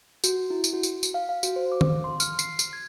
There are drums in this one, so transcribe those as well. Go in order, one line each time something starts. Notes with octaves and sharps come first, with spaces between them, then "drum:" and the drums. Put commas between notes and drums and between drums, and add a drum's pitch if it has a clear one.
F#4, drum: tambourine
E4
drum: tambourine
F#4
drum: tambourine
drum: tambourine
F5
F5
F#4, drum: tambourine
C5
D6
drum: tom
C6
F6, drum: tambourine
C7, drum: tambourine
drum: tambourine
G#6